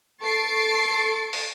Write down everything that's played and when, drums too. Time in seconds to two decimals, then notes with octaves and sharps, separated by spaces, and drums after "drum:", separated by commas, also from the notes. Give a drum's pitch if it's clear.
0.22 A4 C#6 A6 C7 D7
1.33 drum: open hi-hat